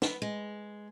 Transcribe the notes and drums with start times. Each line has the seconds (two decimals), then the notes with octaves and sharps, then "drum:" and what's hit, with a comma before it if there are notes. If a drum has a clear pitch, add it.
0.02 B3, drum: snare
0.22 G#3